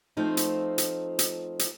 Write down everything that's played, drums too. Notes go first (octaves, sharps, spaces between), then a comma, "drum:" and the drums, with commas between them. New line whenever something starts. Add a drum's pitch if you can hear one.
F3 A3 C4 D#4 F4
drum: hi-hat
drum: hi-hat
drum: hi-hat
drum: hi-hat